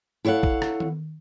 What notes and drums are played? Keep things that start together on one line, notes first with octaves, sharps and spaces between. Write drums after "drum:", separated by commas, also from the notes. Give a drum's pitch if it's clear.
E4 A4 C#5 F5 F#5
drum: kick
drum: rim click
drum: tom D#3